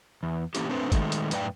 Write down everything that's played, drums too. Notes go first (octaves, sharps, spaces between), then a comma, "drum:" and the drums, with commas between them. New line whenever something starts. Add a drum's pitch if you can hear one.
E2
E3 A3 A#3 C#4 E4 G4, drum: hi-hat
A3 C4 D4 B4 C5
D#3 G#3 A3, drum: kick G#1, hi-hat
drum: hi-hat
F#2 A2 B4 D5 F5 G5, drum: hi-hat